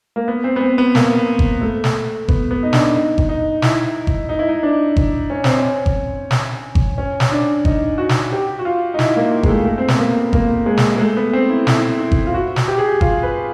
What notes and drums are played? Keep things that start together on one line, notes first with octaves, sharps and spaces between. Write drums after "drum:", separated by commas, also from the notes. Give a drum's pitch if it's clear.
A#3
B3
C4
B3
C4
B3
A#3, drum: snare
drum: kick G1
A3
drum: snare
B3, drum: kick G1
B3
D#4
D4, drum: snare
D#4
drum: kick G1
D#4
E4, drum: snare
drum: kick G1
D#4
E4
D#4
D4
drum: kick G1
C#4
C4, drum: snare
C#4
drum: kick G1
drum: snare
drum: kick G1
C#4
drum: snare
D4
D#4, drum: kick G1
F#4
drum: snare
G4
F#4
F4
D#4
E4, drum: snare
A#3
G#3, drum: kick G1
A3
A3
C4
B3, drum: snare
A#3
A#3, drum: kick G1
G#3
drum: snare
G#3
A3
B3
C4
E4
E4, drum: snare
E4
drum: kick G1
F4
F#4
drum: snare
G4
G#4
G4
F4, drum: kick G1
B4